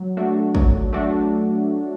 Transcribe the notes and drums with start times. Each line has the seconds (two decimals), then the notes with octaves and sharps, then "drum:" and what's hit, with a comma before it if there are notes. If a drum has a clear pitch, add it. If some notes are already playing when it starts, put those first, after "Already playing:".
Already playing: F#3
0.17 A3 D4 F#4
0.55 F#3, drum: kick
0.93 A3 D4 F#4